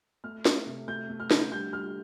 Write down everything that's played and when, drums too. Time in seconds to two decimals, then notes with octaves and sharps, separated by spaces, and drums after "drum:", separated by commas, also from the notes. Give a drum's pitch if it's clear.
0.24 A3 F6
0.45 A3, drum: snare
0.67 C3
0.88 A3 G6
1.09 A3
1.20 F6
1.31 D3, drum: snare
1.52 G3 G6
1.73 G3 F6